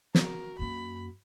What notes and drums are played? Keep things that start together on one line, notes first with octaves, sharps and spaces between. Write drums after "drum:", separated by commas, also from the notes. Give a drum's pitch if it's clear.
F#4 A#4, drum: snare
F#2 A#3 B5